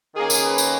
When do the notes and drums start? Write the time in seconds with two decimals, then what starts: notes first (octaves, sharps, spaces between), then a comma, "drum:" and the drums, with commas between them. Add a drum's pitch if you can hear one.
0.15 D#3 A#3 C#4 G#4
0.30 drum: tambourine
0.44 B4
0.58 drum: tambourine